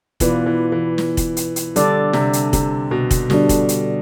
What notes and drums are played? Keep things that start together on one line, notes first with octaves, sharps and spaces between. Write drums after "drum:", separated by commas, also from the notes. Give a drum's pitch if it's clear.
B2 E3 B3 F4 B4 D5, drum: kick, hi-hat
E3
E3
drum: snare
drum: kick, hi-hat
drum: hi-hat
drum: hi-hat
D3 G3 D4 A4 D5, drum: hi-hat
C3, drum: snare
drum: hi-hat
C3, drum: kick, hi-hat
B2
drum: kick, hi-hat
B2 D3 G3 D4, drum: snare
drum: kick, hi-hat
drum: hi-hat